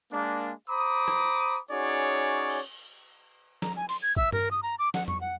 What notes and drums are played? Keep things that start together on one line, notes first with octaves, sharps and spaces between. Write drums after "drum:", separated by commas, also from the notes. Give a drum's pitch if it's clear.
G#3 A#3 D4
C5 A#5 B5 D6 D#6
drum: rim click
C#4 D#4 F#4 G#4 C#5 D5
drum: cymbal
A#5, drum: snare
G#5
C6, drum: open hi-hat
G#6
E5, drum: kick
A#4, drum: tom G2
D#6
A#5
D6
F#5, drum: snare
C#6, drum: tom F2
F#5